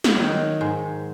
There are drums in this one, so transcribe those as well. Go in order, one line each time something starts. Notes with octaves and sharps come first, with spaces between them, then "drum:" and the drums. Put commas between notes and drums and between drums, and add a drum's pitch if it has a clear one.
drum: snare
D#3 F#3
G#2